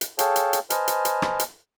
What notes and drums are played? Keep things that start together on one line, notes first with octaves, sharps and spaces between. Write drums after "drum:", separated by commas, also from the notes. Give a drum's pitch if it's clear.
drum: hi-hat
G#4 A4 C#5 F5 G5 A5, drum: hi-hat
drum: hi-hat
drum: hi-hat
B4 C5 D#5 G#5 A5 F6, drum: hi-hat
drum: hi-hat
drum: hi-hat
drum: rim click
drum: hi-hat